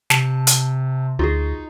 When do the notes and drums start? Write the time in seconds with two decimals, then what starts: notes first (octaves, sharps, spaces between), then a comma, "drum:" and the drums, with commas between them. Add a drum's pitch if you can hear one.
0.10 C3 A5, drum: snare
0.47 drum: hi-hat
1.19 D2 D#4 F4 F#4 G#4